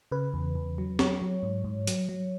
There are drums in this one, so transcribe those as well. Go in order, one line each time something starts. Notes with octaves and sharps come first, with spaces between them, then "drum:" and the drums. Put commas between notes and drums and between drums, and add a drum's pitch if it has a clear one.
C#3 B4
E2
E2
F#3
F#3 C#5, drum: snare
F#3
G#2
G#2
F#3, drum: hi-hat
F#3